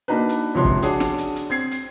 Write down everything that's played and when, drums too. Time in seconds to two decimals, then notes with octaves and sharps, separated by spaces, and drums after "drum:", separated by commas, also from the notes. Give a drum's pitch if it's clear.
0.08 A#3 D4 D#4 F#4 B4
0.29 drum: hi-hat
0.55 C#2 C3 F3 C#5 C6
0.65 drum: kick
0.82 D4 F#4 G#4 C#5, drum: hi-hat
1.00 drum: snare
1.18 drum: hi-hat
1.36 drum: hi-hat
1.50 C4 G#6 C7
1.71 drum: hi-hat